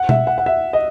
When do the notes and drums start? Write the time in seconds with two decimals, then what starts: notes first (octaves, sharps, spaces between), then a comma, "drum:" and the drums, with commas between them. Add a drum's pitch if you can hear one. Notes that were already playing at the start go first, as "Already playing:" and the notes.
Already playing: F#5
0.09 E5, drum: tom B2
0.27 F#5
0.38 F#5
0.46 E5
0.73 D#5